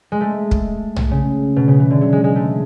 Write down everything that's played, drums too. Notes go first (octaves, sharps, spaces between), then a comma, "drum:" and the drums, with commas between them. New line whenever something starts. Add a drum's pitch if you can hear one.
G#3
A3
drum: kick
drum: tom B1
C#3
B2
C#3
E3
D3
F#3
G#3
G#3
A3